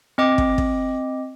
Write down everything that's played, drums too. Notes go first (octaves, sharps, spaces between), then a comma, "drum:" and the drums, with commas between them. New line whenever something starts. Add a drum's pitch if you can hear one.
C4 D#5 D6
drum: kick
drum: kick